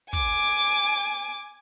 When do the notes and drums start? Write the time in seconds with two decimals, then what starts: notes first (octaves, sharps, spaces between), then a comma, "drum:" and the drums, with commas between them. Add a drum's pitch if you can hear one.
0.13 G#5 D6, drum: kick, hi-hat
0.51 drum: hi-hat
0.89 drum: hi-hat